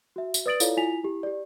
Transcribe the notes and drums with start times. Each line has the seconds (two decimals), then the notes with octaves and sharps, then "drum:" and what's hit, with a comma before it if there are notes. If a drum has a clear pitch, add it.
0.16 F#4 E5
0.34 drum: tambourine
0.46 B4 D5 D#6 A6 D7 F#7
0.60 E4 F4 A4 C#5 D5 F5, drum: tambourine
0.77 E4 F4 G#5 B6 F7
1.04 E4 G4
1.23 G4 D5